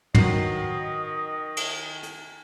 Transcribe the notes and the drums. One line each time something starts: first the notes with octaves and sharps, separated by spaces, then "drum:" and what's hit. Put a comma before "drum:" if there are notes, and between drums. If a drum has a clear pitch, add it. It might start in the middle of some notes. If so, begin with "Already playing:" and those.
D#3 F#3 B4 D#5 C7, drum: tom
drum: cymbal
drum: hi-hat